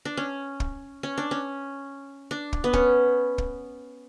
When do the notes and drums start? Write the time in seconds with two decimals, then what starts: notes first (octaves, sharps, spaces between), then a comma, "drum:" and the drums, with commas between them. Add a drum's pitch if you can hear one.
0.05 D4
0.17 C#4
0.60 drum: kick
1.03 C#4
1.18 D4
1.31 C#4
2.31 D4
2.53 drum: kick
2.64 B3
2.73 C#4, drum: kick
3.38 drum: kick